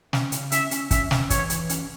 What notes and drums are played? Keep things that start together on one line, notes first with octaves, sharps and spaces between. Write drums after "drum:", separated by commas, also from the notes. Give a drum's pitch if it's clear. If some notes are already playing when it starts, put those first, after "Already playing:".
C#4, drum: snare
C#3, drum: hi-hat
C#4 E5, drum: hi-hat
C#4, drum: hi-hat
C#4 E5, drum: kick, hi-hat
C#4, drum: snare
E3 C#5, drum: kick, hi-hat
E3, drum: hi-hat
C#4, drum: hi-hat